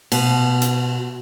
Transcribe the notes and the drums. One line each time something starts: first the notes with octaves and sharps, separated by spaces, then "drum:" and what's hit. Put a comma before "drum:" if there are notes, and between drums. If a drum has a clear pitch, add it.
B2, drum: cymbal
drum: hi-hat